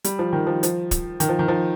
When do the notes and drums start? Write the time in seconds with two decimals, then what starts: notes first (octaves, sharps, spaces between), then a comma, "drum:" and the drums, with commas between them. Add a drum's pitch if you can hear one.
0.04 G3, drum: hi-hat
0.19 F3
0.33 D#3
0.47 F3
0.63 F3, drum: hi-hat
0.91 drum: kick, hi-hat
1.20 D#3, drum: hi-hat
1.29 F3
1.39 D#3
1.48 F3